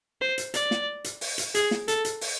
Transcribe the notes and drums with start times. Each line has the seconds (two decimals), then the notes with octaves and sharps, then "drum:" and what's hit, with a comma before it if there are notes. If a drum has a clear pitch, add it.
0.21 C5
0.38 drum: hi-hat
0.54 D5, drum: hi-hat
0.71 drum: snare
1.04 drum: hi-hat
1.21 drum: open hi-hat
1.38 drum: hi-hat
1.55 G#4, drum: hi-hat
1.71 drum: snare
1.88 A4, drum: hi-hat
2.05 drum: hi-hat
2.21 drum: open hi-hat